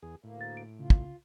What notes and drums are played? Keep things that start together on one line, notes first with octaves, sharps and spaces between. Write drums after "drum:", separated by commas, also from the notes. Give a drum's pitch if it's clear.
E2 G#4
D2 A2 A#3
A6
D7
C#3 F4
drum: kick